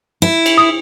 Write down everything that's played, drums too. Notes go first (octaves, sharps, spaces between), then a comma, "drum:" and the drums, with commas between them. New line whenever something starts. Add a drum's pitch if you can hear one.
E4
drum: cymbal
D#6